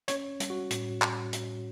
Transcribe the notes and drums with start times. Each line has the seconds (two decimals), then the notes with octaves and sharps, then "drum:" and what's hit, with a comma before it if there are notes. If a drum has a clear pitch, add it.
0.08 C#4 C#5, drum: hi-hat
0.40 G3, drum: hi-hat
0.50 F#4
0.71 A2, drum: hi-hat
1.02 drum: clap
1.33 drum: hi-hat